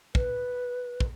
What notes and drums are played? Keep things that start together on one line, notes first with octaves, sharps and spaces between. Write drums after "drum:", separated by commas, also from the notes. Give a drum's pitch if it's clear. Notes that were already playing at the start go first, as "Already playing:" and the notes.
B4, drum: kick
drum: kick